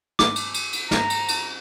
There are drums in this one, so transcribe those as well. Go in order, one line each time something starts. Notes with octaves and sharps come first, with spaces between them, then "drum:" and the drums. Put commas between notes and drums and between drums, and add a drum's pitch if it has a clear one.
D6, drum: snare
drum: cymbal
drum: cymbal
drum: cymbal
A#5, drum: snare
drum: cymbal
drum: cymbal